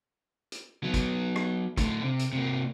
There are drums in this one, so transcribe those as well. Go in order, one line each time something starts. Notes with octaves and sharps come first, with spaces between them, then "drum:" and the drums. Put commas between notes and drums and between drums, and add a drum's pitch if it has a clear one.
drum: hi-hat
F#3 B3
drum: kick, hi-hat
drum: rim click
A2 D3, drum: kick, hi-hat
C3
drum: hi-hat
C3 A#3